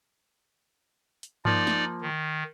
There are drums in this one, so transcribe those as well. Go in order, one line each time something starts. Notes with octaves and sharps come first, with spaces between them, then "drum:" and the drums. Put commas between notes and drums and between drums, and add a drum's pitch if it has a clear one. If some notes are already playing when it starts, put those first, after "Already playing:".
drum: hi-hat
F3 A#3 D#4 D5, drum: tom G2
drum: snare
D#3